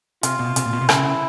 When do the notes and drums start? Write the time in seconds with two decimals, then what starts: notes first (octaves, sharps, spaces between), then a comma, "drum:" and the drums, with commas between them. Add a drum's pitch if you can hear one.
0.23 C3 F4, drum: hi-hat
0.39 B2
0.56 C3, drum: hi-hat
0.66 A#2
0.73 B2
0.81 C3
0.89 C#3 E4, drum: rim click